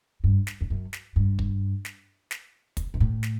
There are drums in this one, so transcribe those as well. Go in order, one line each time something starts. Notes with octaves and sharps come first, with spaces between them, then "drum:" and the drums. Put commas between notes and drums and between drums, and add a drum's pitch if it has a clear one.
G2
drum: snare
F2
F#2
drum: snare
G2
drum: kick
drum: snare
drum: snare
drum: kick, hi-hat
G#2
A2
drum: snare